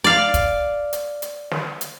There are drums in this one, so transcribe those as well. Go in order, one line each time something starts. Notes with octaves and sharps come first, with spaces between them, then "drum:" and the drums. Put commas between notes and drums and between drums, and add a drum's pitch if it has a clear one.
D5 F5
drum: kick, hi-hat
drum: hi-hat
drum: hi-hat
drum: snare
drum: hi-hat